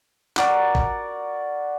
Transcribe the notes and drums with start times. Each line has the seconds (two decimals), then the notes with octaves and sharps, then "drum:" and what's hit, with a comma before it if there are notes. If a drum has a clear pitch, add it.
0.37 F#4 A#4 D5, drum: clap
0.75 drum: kick G#1